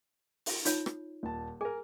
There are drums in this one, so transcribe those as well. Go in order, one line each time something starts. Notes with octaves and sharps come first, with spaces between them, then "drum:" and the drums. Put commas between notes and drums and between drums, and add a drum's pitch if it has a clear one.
drum: open hi-hat
D#4 F4 C#5, drum: hi-hat
drum: rim click
D#1 A5
G#4 A#4 G#5